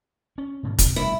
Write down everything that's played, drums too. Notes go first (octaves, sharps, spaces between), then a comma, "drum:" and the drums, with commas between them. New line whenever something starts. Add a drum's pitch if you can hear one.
C#4
G#2 B2 D#3
C3, drum: kick, hi-hat
B2 G3 A3 E4